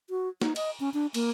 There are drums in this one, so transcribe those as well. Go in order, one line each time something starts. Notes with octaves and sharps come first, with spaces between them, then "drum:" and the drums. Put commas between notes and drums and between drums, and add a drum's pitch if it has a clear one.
F#4
D#4, drum: snare
D#5, drum: cymbal
C#4
D4
A#3, drum: cymbal